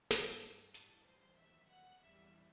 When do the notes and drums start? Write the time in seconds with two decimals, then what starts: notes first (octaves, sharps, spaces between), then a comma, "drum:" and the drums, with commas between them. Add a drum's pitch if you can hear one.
0.11 G2 F#3 A4, drum: snare
0.74 A2 E3 G3 A4, drum: hi-hat
1.06 C5
1.38 D#2 D#3 F#3 E5
1.70 F#5
2.01 E2 C3 E3 G3 E5